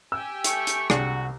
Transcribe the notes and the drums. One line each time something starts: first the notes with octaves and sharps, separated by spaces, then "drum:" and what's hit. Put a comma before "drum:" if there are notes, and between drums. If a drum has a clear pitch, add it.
G4 G5 G#5 E6
A3 C#6, drum: hi-hat
drum: hi-hat
C2 D4 F#4 G#4, drum: rim click